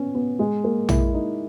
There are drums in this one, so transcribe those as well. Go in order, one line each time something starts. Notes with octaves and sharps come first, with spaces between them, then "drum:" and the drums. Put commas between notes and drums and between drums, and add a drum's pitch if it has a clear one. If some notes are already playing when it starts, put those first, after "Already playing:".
Already playing: B3 C#4
B3
G#3
A#3
E4, drum: tom
D#4